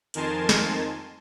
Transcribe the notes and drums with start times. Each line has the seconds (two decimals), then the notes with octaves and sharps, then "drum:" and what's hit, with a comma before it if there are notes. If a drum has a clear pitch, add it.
0.14 F2 D#3 A#4 G#5 A5 C6, drum: hi-hat
0.49 drum: snare